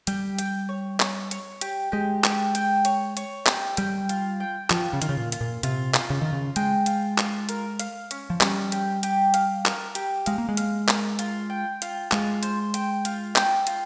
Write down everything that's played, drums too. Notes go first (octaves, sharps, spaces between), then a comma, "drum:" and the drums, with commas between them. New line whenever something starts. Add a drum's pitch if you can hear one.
G3 G4, drum: hi-hat
G5, drum: hi-hat
C#5
C#5, drum: clap
C#5, drum: hi-hat
G4, drum: hi-hat
G#3 G4
G4, drum: clap
G5, drum: hi-hat
C#5, drum: hi-hat
C#5, drum: hi-hat
G4, drum: clap
G3 G5, drum: hi-hat
F4, drum: hi-hat
G5
F3 F4, drum: clap
C#3
D#3 F4, drum: hi-hat
C#3
A#2
F4, drum: hi-hat
A#2
C3 F4, drum: hi-hat
F4, drum: clap
C#3
D#3 F4
C#3
G#3 G5, drum: hi-hat
F4, drum: hi-hat
F4, drum: clap
A#4, drum: hi-hat
F5, drum: hi-hat
C#4, drum: hi-hat
F3
G3 C#4, drum: clap
G4, drum: hi-hat
G4, drum: hi-hat
F5, drum: hi-hat
A#4, drum: clap
G4, drum: hi-hat
G#3 F5, drum: hi-hat
A#3
G#3
F5, drum: hi-hat
A#4, drum: clap
F4, drum: hi-hat
G5
F4, drum: hi-hat
G#3 F4, drum: clap
C5, drum: hi-hat
G5, drum: hi-hat
F4, drum: hi-hat
G5, drum: clap
F4, drum: hi-hat